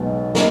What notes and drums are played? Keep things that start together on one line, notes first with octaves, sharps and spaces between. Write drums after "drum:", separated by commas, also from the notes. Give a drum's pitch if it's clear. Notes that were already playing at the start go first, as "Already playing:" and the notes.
Already playing: B1 B2 G#3
A#3, drum: snare